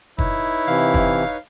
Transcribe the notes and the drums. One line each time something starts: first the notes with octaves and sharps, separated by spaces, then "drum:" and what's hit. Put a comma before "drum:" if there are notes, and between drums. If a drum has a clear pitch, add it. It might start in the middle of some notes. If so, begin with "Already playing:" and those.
D#4 E4 B4 C#5, drum: kick
C3 E3 F5
drum: kick